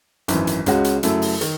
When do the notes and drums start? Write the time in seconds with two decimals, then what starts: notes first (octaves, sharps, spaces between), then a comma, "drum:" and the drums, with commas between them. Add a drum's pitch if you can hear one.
0.28 G#1 F#2 E3, drum: hi-hat
0.47 drum: hi-hat
0.66 C#2 C#3 G#3 C#4 F#4, drum: hi-hat
0.84 drum: hi-hat
1.03 F#2 C#3 F#3 A3 E4, drum: hi-hat
1.22 drum: open hi-hat
1.41 D#3, drum: hi-hat